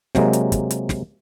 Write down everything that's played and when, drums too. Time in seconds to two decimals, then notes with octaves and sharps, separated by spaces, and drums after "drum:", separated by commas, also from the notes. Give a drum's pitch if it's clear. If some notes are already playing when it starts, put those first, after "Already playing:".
0.15 C3 F#3 G#3 A#3, drum: snare
0.33 drum: hi-hat
0.52 drum: kick, hi-hat
0.71 drum: hi-hat
0.89 drum: snare